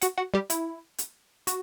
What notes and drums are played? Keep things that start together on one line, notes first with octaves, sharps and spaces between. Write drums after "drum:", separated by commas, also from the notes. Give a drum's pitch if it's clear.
F#4 F#5, drum: hi-hat
F#4 F#5
G3 G4
E4, drum: hi-hat
drum: hi-hat
F#4, drum: hi-hat